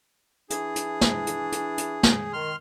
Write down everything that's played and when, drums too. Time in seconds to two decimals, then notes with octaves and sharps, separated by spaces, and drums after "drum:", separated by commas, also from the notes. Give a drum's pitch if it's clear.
0.50 E3 D4 G#4, drum: hi-hat
0.76 drum: hi-hat
1.01 drum: snare
1.27 drum: hi-hat
1.52 drum: hi-hat
1.78 drum: hi-hat
2.03 drum: snare
2.33 D#3 C6 F6